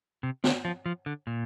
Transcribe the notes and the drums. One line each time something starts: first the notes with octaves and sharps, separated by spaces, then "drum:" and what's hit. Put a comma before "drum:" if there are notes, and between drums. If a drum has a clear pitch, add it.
C3
D3, drum: snare
F3
F3
D3
A#2